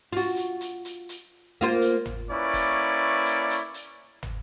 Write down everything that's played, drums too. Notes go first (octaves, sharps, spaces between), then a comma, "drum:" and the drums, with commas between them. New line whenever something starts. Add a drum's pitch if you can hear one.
F4 F#4, drum: open hi-hat
drum: hi-hat
drum: hi-hat
drum: hi-hat
drum: hi-hat
A#3 F4 C5
drum: hi-hat
drum: tom
A#3 C#4 E4 B4 D5 C#6
drum: kick F#1, hi-hat
drum: hi-hat
drum: hi-hat
drum: hi-hat
drum: tom